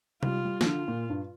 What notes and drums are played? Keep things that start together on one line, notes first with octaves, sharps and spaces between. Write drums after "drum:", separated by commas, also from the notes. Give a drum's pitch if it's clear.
G3 F4, drum: tom C3
G3
F3, drum: snare
D3 F4
A#2
G2